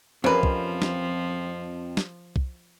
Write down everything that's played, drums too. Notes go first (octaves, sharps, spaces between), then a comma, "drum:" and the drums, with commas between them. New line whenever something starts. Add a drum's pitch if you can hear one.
F2 C3 F3 C4 C#4 A#4 B4
drum: kick C2
drum: snare
drum: snare
drum: kick C2